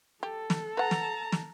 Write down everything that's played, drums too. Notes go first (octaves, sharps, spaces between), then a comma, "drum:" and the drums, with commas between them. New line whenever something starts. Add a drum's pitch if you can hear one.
G4 A4
drum: snare
B4 F#5 A5 A#5
drum: snare
drum: snare